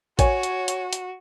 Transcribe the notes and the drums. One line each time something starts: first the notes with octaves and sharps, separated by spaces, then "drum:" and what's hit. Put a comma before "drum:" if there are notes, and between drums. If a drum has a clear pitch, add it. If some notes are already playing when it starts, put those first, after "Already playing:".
F#4 C#5 G#5, drum: kick A1, hi-hat
drum: hi-hat
drum: hi-hat
drum: hi-hat